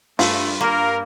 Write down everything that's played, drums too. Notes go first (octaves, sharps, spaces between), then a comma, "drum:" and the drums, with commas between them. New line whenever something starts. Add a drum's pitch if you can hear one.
G2 A3 F4, drum: open hi-hat
A#3 A#4 F5